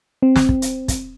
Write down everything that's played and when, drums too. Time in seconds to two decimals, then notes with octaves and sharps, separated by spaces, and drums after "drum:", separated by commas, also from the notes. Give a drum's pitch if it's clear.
0.22 C4
0.36 drum: snare
0.49 drum: kick
0.62 drum: hi-hat
0.88 drum: kick, hi-hat